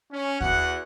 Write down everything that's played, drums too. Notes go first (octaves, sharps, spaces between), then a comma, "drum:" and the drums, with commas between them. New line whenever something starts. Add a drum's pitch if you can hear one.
C#4
E2 F#4 F#5, drum: kick D#2